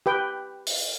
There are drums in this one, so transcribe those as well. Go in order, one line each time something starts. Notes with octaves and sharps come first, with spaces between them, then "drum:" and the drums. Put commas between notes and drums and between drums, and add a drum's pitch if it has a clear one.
G4 B4 G5
drum: open hi-hat